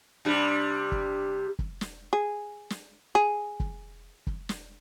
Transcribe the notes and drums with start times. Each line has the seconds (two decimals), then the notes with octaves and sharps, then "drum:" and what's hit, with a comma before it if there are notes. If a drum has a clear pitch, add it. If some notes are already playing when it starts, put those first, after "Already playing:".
0.25 C3 G3 D4
0.92 drum: kick
1.59 drum: kick
1.81 drum: snare
2.13 G#4
2.70 drum: snare
3.15 G#4
3.60 drum: kick
4.27 drum: kick
4.49 drum: snare